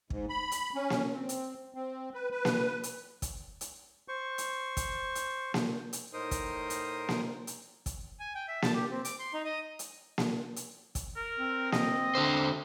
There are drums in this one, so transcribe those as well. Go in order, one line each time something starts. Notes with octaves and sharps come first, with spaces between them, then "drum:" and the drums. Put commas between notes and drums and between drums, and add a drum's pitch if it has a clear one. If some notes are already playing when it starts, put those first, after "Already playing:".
G#2, drum: kick
B5
drum: hi-hat
C#4
drum: snare A#3
C4
drum: hi-hat
C4
B4
B4
drum: snare A#3
drum: hi-hat
drum: kick, hi-hat
drum: hi-hat
C5 C#6
drum: hi-hat
drum: kick, hi-hat
drum: hi-hat
drum: snare A#3
drum: hi-hat
A2 D#4 A#4 C5 D#6
drum: kick, hi-hat
drum: hi-hat
drum: snare A#3
drum: hi-hat
drum: kick, hi-hat
G#5
G5
E5
A5, drum: snare A#3
G4
C4
D6, drum: hi-hat
C6
D#4
D#5
drum: hi-hat
drum: snare A#3
drum: hi-hat
drum: kick, hi-hat
A#4
C4
D#5, drum: snare A#3
D3 C5